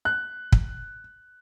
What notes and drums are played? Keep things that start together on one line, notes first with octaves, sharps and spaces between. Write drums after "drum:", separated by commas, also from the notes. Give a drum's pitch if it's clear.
F#6
drum: kick